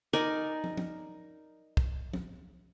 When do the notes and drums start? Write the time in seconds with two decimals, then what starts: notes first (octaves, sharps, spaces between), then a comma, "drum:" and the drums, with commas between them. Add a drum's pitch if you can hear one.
0.13 D#4 A#4 D5 G#5
0.64 drum: tom
0.77 drum: tom
1.77 drum: kick
2.13 drum: tom